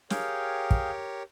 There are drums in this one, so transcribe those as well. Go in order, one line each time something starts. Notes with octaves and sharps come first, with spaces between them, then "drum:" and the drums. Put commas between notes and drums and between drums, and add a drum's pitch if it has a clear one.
G4 G#4 A#4 C#5 F5 G5, drum: snare
drum: kick